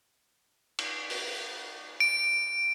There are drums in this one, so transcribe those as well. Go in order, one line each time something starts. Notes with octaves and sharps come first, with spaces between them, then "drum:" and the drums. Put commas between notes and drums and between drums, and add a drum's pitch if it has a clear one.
drum: cymbal
drum: open hi-hat
D7